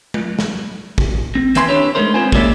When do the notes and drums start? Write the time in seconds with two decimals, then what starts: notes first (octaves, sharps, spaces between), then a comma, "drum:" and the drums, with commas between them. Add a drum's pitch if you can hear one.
0.14 drum: tom G#3
0.39 drum: snare
0.98 drum: kick
1.35 C4
1.55 D#3 C4 B4 E5 G#5 C6, drum: hi-hat
1.69 D4 E4 G4 C#5
1.95 G#3 A3 D#4 A#4 C5
2.14 B3 C4 F4 C5 G#5
2.32 G#3 A#3 C#4 D#4 D5 E5, drum: kick